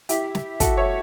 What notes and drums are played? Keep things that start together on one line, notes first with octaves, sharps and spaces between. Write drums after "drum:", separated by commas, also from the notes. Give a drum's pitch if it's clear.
E4 G4, drum: hi-hat
drum: snare
F#4 A4, drum: kick, hi-hat
C#5 E5